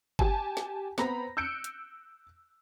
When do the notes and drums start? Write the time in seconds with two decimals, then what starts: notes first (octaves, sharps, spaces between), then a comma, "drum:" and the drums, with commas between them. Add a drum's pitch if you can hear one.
0.19 G4 G#5 A5, drum: kick G1
0.57 drum: snare
0.98 B3 C4 A#5 B5 A#6, drum: snare
1.37 E6 F#6 G6 C#7 D7
1.64 drum: hi-hat